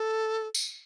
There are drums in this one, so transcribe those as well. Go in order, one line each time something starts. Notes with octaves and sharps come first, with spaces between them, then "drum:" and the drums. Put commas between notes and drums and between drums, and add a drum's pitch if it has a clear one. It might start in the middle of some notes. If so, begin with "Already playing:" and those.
Already playing: A4
drum: tambourine